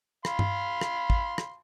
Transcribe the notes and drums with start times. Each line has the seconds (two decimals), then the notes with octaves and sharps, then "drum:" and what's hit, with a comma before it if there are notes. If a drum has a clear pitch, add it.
0.25 F5 B5 C6, drum: rim click
0.39 drum: tom G2
0.81 drum: rim click
1.10 drum: kick
1.38 drum: rim click